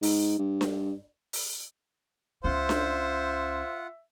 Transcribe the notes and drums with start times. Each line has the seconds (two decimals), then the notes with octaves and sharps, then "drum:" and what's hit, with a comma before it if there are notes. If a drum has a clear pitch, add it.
0.03 G#2, drum: open hi-hat
0.38 G2
0.61 drum: snare D4
1.33 drum: open hi-hat
2.44 C#2 C#4 F4 C5 E5 F#5
2.69 drum: snare D4